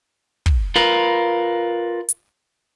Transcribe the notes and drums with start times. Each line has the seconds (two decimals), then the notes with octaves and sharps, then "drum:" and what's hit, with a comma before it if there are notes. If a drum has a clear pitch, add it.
0.46 drum: kick
0.76 F4 A#4 B4
2.09 drum: hi-hat